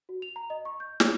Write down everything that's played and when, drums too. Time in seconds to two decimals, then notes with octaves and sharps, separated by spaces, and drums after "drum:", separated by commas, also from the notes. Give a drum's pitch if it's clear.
0.09 F#4
0.22 F7
0.36 A#5
0.50 D#5
0.65 C#6
0.80 G6
1.00 C#5, drum: snare